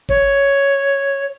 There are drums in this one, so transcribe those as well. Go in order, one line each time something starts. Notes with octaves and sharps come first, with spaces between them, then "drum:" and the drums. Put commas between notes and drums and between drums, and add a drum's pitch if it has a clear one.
C#5, drum: kick G#1